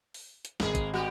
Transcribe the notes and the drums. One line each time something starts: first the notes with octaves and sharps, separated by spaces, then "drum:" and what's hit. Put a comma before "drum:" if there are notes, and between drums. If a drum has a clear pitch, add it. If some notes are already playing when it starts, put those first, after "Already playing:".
drum: open hi-hat
drum: hi-hat
G#1 A#3 G#4, drum: snare
drum: kick, hi-hat
G3 F#4 G4